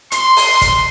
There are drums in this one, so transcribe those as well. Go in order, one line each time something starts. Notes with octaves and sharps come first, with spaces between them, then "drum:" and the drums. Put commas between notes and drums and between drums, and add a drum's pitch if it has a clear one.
C6, drum: hi-hat
drum: open hi-hat
drum: kick, hi-hat